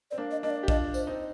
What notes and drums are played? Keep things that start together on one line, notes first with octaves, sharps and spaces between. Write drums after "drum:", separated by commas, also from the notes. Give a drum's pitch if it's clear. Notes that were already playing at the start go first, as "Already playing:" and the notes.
C4 D5
A#3 D4
D#5
A#3 D4 D#5
D5
G4
D4 F4 D#5, drum: kick
C5, drum: tambourine
C4 D#4